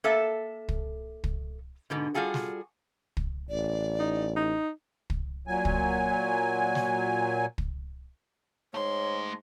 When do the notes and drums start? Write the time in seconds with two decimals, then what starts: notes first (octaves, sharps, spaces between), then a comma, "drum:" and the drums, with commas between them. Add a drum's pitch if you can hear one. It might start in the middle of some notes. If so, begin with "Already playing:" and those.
0.04 A#3 A4 E5 A5
0.68 drum: kick
1.24 drum: kick
1.90 G#2 B2 D3
2.14 G3 F4 F#4 G#4 A4
2.34 drum: snare
3.17 drum: kick
3.49 A1 D5
3.99 D#4
4.36 D#4
5.10 drum: kick
5.47 A#2 F#3 G#5
5.65 drum: kick
6.75 drum: snare
7.58 drum: kick
8.74 G#2 A3 C#5 C6